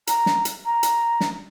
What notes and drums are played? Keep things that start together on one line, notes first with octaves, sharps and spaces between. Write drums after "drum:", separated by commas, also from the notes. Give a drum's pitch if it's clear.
A#5, drum: hi-hat
drum: snare
drum: hi-hat
A#5
drum: hi-hat
drum: snare